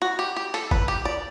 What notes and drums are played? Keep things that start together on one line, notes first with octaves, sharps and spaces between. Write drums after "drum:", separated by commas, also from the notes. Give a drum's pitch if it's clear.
F#4
G4
G4
A4, drum: hi-hat
B4, drum: kick G#1
G4
D5